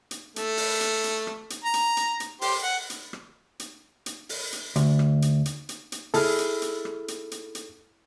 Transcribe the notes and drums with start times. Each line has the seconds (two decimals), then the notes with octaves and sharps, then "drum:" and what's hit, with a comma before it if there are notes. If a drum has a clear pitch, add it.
0.11 drum: hi-hat
0.36 A3, drum: hi-hat
0.57 drum: open hi-hat
0.81 drum: hi-hat
1.04 drum: hi-hat
1.27 drum: rim click
1.50 drum: hi-hat
1.64 A#5
1.74 drum: hi-hat
1.97 drum: hi-hat
2.20 drum: hi-hat
2.41 G4 C5, drum: open hi-hat
2.63 F#5
2.90 drum: hi-hat
3.13 drum: rim click
3.60 drum: hi-hat
4.06 drum: hi-hat
4.29 drum: open hi-hat
4.53 drum: hi-hat
4.76 D2, drum: hi-hat
4.99 drum: rim click
5.22 drum: hi-hat
5.45 drum: hi-hat
5.69 drum: hi-hat
5.92 drum: hi-hat
6.14 E4 G#4 A4 F6, drum: open hi-hat
6.38 drum: hi-hat
6.62 drum: hi-hat
6.85 drum: rim click
7.08 drum: hi-hat
7.31 drum: hi-hat
7.55 drum: hi-hat